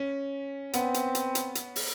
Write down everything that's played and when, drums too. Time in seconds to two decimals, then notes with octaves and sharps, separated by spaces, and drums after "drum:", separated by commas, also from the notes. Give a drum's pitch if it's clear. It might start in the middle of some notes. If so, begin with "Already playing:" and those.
Already playing: C#4
0.73 B3 C4, drum: hi-hat
0.94 drum: hi-hat
1.15 drum: hi-hat
1.35 drum: hi-hat
1.55 drum: hi-hat
1.76 drum: open hi-hat